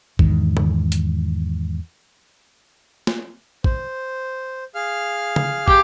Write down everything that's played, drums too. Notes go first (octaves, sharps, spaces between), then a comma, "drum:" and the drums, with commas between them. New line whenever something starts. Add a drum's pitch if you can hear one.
E2 G#2 D#3, drum: kick
drum: tom C#3
drum: hi-hat
drum: snare
C5, drum: kick
G#4 F5 F6
drum: tom C#3
G4, drum: kick